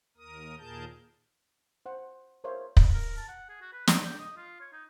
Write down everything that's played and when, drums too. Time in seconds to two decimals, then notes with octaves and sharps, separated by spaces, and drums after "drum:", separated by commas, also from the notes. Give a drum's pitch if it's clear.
0.17 D#2 A#4 D#6
0.58 D#2 A#2 G#4 A#4 A5 G6
1.86 C5 F#5
2.44 G#4 A#4 C5 C#5 E5 F5
2.77 drum: kick
2.94 A#4
3.17 A5
3.28 F#5
3.49 G#4
3.61 F#4
3.73 B4
3.87 A4, drum: snare
4.05 G4
4.19 D#5
4.37 F4
4.61 C#5
4.73 D#4